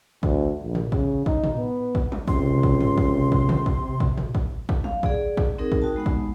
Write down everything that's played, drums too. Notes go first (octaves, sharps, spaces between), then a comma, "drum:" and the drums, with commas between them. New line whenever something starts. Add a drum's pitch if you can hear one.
D2, drum: kick
A#1
drum: tom
C#3, drum: kick
D#4, drum: kick
drum: tom
B3
drum: kick
drum: tom
C#2 C3 C6, drum: kick
drum: kick
drum: tom
drum: kick
drum: kick
drum: tom
drum: kick
drum: kick
drum: tom
drum: kick
drum: kick
F5, drum: tom
G#4 D5 F#5, drum: kick
drum: kick
C4 D#4 G#4 A#4
drum: kick
D#4 F#4 G5 A5
G#3 B3 D#4 F#5
drum: kick